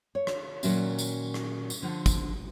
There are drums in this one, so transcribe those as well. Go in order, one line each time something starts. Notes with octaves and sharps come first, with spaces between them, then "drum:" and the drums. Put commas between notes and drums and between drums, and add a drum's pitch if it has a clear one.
C#5
drum: rim click
A#2 D#3 F#3 C#4 F#4 E5, drum: tambourine
drum: tambourine
drum: rim click
drum: tambourine
D3 F3 F4 F#5
drum: kick G#1, tambourine